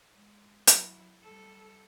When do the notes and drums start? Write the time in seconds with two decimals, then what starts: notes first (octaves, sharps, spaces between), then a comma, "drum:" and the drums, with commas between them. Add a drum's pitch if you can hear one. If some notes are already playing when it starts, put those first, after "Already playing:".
0.12 G#3
0.67 F#3 E4, drum: hi-hat
1.23 G3 A4